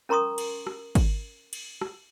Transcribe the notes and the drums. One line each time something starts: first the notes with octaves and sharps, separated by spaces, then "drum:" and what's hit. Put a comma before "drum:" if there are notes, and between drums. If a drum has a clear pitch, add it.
C#4 A#4 A#5 C6 C#6 D#6
drum: cymbal
drum: rim click
drum: kick G#1, cymbal
drum: cymbal
drum: rim click